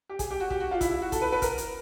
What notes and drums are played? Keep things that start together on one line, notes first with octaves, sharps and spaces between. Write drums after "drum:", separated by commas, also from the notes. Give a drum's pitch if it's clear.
G4
G#4, drum: kick, hi-hat
G4
F#4
G4, drum: kick
F#4
F4
E4, drum: kick, hi-hat
E4
F#4
A4, drum: kick, hi-hat
B4
B4
A#4, drum: kick, hi-hat
drum: hi-hat